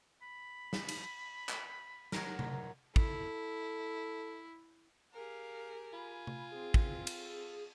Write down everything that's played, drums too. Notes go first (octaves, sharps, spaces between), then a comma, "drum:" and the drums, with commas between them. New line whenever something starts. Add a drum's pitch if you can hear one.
B5
drum: snare
drum: cymbal
drum: clap
F#3 A#4, drum: snare
drum: tom C3
E4 A4, drum: kick
G4 G#4 A#4 F5
F4 G#5 B5
drum: tom C3
C4 G#4
drum: kick
A4, drum: cymbal